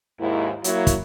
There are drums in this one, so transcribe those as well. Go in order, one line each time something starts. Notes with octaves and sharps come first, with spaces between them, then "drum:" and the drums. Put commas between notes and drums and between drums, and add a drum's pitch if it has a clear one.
D#2 G#2 E4
F#3 A#3 E4, drum: hi-hat
drum: kick, hi-hat